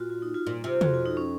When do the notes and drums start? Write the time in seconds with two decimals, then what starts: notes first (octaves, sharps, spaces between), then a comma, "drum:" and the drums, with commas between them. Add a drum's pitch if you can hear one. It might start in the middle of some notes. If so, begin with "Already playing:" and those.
Already playing: A#2 F4 F#4
0.10 F4
0.22 D#4
0.34 F4
0.47 A#2
0.64 C3 F4
0.81 F2 F#4, drum: tom
0.94 F4
1.05 D#4
1.17 C#4